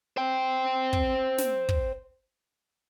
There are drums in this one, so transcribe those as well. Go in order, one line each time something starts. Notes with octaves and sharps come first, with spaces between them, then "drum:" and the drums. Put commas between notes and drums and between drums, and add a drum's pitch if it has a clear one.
C5 G5
drum: kick
drum: snare
drum: kick